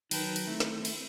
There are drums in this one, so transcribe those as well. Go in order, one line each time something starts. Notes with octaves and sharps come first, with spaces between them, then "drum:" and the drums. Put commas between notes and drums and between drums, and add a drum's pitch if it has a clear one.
D#3 F#3 D#4 B4 G5 A5, drum: cymbal
drum: cymbal
A3 C4 E4
drum: snare
drum: cymbal